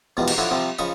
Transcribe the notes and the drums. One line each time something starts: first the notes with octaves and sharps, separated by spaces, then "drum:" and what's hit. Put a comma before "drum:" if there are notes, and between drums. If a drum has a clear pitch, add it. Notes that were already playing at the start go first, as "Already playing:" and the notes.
E2 G#2 B2 F3 G3
drum: cymbal
D3 F3 D4 E4 F#4 C#5
C3 F3 G3
C#3 F3 D#5 B5 C#6